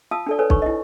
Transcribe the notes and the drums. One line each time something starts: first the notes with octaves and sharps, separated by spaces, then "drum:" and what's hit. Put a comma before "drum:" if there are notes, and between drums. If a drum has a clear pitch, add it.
F4 F5 A5 D#6 E6
D4 A4 D5
A4 B4 C#5 G#5
D#4 B4 C#6, drum: kick B1
E4 D#5